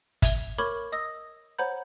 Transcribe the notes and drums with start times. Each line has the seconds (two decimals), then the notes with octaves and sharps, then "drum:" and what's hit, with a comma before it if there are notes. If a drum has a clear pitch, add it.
0.22 E5 G#6 F7, drum: kick, hi-hat
0.58 A#4 C#5 B5 C#6 D6 G#6
0.92 D#5 D#6 E6 A#6
1.58 C5 C#5 F#5 A#5 B5 G6